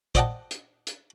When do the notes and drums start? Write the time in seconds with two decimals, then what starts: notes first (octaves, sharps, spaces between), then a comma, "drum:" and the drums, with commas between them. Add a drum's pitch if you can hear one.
0.15 C5 D5 D#5 F#5 G5 A5, drum: kick, hi-hat
0.51 drum: hi-hat
0.87 drum: hi-hat